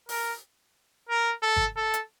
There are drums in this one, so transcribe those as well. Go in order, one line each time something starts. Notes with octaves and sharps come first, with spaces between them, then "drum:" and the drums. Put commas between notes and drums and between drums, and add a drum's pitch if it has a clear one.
A#4, drum: open hi-hat
A#4
A4
drum: kick
A4
drum: hi-hat